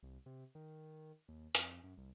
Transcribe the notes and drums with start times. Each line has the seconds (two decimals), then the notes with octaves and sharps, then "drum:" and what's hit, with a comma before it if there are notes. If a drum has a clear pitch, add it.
0.03 C2
0.26 C3
0.55 D#3
1.29 D#2
1.55 F2, drum: hi-hat
1.84 F#2
1.97 C2